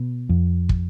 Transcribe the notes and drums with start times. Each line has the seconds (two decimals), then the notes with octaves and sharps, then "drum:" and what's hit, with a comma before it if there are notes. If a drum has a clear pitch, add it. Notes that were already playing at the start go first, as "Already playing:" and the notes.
Already playing: B2
0.29 F2
0.69 drum: kick